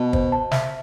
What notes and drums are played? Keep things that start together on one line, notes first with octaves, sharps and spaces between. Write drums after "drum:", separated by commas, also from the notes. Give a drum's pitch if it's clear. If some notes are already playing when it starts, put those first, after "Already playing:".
Already playing: B2 A5
C5, drum: kick
A5
E5, drum: snare